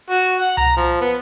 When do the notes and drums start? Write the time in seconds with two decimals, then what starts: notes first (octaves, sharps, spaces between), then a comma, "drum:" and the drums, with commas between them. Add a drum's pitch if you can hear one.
0.10 F#4
0.40 F#5
0.57 A#5, drum: tom C2
0.77 F3
1.01 B3